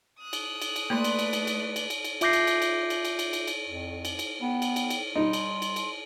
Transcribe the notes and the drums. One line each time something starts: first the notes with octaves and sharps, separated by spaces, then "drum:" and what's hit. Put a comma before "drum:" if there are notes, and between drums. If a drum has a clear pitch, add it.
D#6 F#6
drum: cymbal
drum: cymbal
drum: cymbal
A3 A#3 B4 D5 C6
drum: cymbal
drum: cymbal
drum: cymbal
drum: cymbal
drum: cymbal
drum: cymbal
drum: cymbal
F4 E5 D6 G6 A#6 C7, drum: cymbal
drum: cymbal
drum: cymbal
drum: cymbal
drum: cymbal
drum: cymbal
drum: cymbal
drum: cymbal
drum: cymbal
F2
drum: cymbal
drum: cymbal
B3 G5
drum: cymbal
drum: cymbal
drum: cymbal
G3 D#4 C6
drum: cymbal
drum: cymbal
drum: cymbal